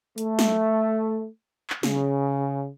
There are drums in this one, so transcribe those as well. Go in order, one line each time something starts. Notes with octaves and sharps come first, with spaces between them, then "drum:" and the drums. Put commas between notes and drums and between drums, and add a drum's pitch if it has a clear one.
A3, drum: hi-hat
drum: snare
drum: clap
C#3, drum: snare